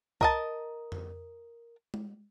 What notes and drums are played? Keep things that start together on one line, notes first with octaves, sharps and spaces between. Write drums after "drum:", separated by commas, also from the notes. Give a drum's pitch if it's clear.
A#4 D#5 A5, drum: kick C2
drum: tom F2
drum: tom G#3